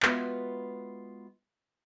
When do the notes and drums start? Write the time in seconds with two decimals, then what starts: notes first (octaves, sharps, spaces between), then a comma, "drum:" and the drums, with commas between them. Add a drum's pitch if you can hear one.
0.03 G#3 B3 F4 F#4 B4 E5, drum: clap